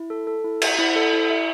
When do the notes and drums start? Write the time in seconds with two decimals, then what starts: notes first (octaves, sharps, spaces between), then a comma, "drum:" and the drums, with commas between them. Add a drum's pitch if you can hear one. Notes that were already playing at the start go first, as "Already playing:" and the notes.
Already playing: E4
0.10 A4
0.27 A4
0.44 E4
0.62 E5, drum: cymbal
0.78 E4
0.96 A4
1.13 E4
1.30 E5